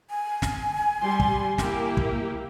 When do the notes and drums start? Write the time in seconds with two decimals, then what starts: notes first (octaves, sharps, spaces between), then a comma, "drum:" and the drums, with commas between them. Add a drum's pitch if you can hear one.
0.10 G#5
0.42 drum: snare
1.00 G3 C6
1.20 drum: kick
1.58 A#3 E4 G4, drum: snare
1.97 drum: kick